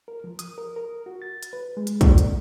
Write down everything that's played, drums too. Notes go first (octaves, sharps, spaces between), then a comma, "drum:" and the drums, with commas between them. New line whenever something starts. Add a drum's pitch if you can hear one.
A#4
F3
D#6, drum: hi-hat
A#4
A#4
F#4
A6
drum: hi-hat
B4
G#3
drum: hi-hat
D5, drum: kick, hi-hat
A#2, drum: hi-hat